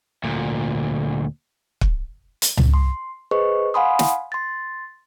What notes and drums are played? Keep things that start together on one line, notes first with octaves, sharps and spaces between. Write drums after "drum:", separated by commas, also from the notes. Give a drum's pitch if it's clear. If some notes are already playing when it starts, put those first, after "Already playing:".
D2 A#2
drum: kick
drum: hi-hat
drum: tom C#2
C6
G#4 B4 C5 D#5 C#6
F5 F#5 G#5 B5 C6 D#6
drum: snare
C6 A6